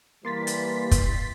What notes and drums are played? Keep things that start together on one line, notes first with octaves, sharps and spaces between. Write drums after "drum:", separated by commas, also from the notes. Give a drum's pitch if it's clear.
E3 G3 A#3 C6 A6 B6
drum: hi-hat
drum: kick, hi-hat